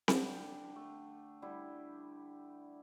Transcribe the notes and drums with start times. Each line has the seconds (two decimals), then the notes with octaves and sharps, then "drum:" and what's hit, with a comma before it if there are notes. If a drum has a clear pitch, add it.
0.08 D3 D4 G4, drum: snare C4
0.76 A3
1.42 D3 G3 E4